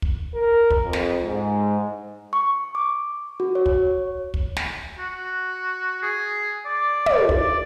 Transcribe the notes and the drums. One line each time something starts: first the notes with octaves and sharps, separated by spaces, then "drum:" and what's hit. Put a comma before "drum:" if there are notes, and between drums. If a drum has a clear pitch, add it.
drum: kick
A#4
drum: kick
F2
drum: snare
G#2
C#6
D6
F#4
C#5
drum: kick
drum: kick
drum: snare
F#4
G#4
D5
drum: tom
drum: kick
D5